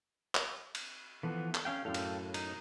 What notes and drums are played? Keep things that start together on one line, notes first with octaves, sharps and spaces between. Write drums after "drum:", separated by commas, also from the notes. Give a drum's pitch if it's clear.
drum: clap
drum: cymbal
E3 F3 B3 A4
drum: clap
C#4 F5 G5
F#2 A2 A4 F5 G5
drum: cymbal
D#4, drum: cymbal